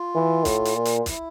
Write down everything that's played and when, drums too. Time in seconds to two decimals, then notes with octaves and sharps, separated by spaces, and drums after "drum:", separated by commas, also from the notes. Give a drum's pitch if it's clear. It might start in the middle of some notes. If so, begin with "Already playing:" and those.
Already playing: F4
0.15 E3
0.45 A2, drum: kick, hi-hat
0.65 drum: hi-hat
0.75 A#2
0.85 drum: hi-hat
0.99 F4
1.06 E4, drum: kick, hi-hat